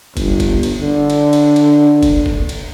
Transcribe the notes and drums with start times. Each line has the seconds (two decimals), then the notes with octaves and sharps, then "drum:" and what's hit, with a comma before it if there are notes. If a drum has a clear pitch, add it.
0.17 G1, drum: kick, cymbal
0.40 drum: kick, cymbal
0.63 drum: cymbal
0.81 D3
1.10 drum: cymbal
1.33 drum: cymbal
1.56 drum: cymbal
2.03 drum: kick, cymbal
2.26 drum: kick
2.49 drum: cymbal